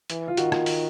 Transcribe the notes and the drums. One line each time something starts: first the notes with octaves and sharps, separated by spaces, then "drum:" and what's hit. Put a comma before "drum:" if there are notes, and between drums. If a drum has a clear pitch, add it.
E3, drum: hi-hat
F4
D#3 F#4, drum: hi-hat
drum: rim click
drum: open hi-hat